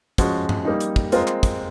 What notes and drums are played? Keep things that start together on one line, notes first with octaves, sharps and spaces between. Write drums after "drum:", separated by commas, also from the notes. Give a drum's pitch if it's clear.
F3 G#3 C#4 F#4, drum: kick, hi-hat
drum: tom G2
G3 A#3 D#4
drum: hi-hat
drum: kick
G#3 C4 F4 A#4, drum: hi-hat
drum: clap
drum: kick, hi-hat